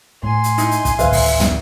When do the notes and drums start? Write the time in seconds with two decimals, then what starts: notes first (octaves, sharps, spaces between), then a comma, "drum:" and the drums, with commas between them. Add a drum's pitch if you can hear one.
0.23 A2 A3 G#5 C6
0.44 drum: hi-hat
0.58 D#4 E4, drum: hi-hat
0.71 drum: hi-hat
0.85 drum: kick, hi-hat
0.99 A1 D2 D#3 B4 E5 F5, drum: hi-hat
1.12 drum: kick, open hi-hat
1.40 drum: tom